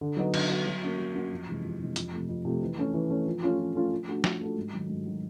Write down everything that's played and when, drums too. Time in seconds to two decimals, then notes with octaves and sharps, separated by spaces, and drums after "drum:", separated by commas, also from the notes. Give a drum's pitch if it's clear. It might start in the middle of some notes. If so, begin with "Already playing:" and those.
0.01 D3
0.17 F#3 B3 D#4 F#4
0.34 D3, drum: cymbal
0.49 F#3 B3 D#4 F#4
0.66 F#3
0.83 A#3 C#4 F#4
0.99 F#3
1.15 A#3 C#4 F#4
1.31 F2
1.48 C3 E3 G#3
1.63 F2
1.79 C3 E3 G#3
1.96 F2, drum: hi-hat
2.13 C3 F3 A3
2.29 F2
2.45 C3 F3 A3
2.62 E3
2.78 A3 C#4
2.94 E3
3.10 A3 C#4
3.27 F3
3.43 A3 C#4 F4
3.59 F3
3.75 A3 C#4 F4
3.91 F3
4.08 A3 D4 F#4 A4
4.24 F3, drum: snare
4.41 A3 D4 F#4 A4
4.57 G#2
4.73 D#3 F#3
4.89 G#2
5.06 D#3 F#3